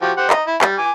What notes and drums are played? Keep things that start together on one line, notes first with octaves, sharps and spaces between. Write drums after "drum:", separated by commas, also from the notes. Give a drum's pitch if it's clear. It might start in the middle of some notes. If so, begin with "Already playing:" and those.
F3 F#4 G4
G4 C5 F#5
D#5 A#5, drum: clap
E4
G3, drum: clap
G#5 D6